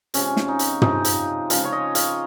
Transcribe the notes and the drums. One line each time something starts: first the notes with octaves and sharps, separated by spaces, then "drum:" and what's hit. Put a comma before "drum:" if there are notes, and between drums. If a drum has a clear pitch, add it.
C3 F3 G#3 C#4, drum: hi-hat
drum: snare
D#4
drum: hi-hat
C3 F3 G#3 D#4, drum: tom
drum: hi-hat
C#3 F3 G#3 F4, drum: hi-hat
C#5
D#5
F5, drum: hi-hat